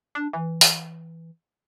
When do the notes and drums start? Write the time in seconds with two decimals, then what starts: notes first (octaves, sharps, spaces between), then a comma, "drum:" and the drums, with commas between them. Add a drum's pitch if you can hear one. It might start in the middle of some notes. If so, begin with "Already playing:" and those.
0.15 D4
0.33 E3
0.61 drum: open hi-hat